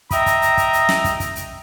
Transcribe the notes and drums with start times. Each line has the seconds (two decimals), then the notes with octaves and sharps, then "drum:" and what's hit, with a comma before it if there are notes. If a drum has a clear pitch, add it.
0.11 D#5 E5 G5 A#5, drum: kick, hi-hat
0.26 drum: kick, hi-hat
0.42 drum: hi-hat
0.57 drum: kick, hi-hat
0.73 drum: hi-hat
0.89 drum: snare
1.04 drum: kick, hi-hat
1.20 drum: kick, hi-hat
1.35 drum: hi-hat